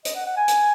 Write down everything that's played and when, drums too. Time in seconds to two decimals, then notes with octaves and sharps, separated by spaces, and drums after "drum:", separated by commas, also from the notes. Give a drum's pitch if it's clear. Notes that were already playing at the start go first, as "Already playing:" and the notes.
0.05 D#5, drum: hi-hat
0.15 F#5
0.26 F#5
0.37 G#5
0.48 drum: hi-hat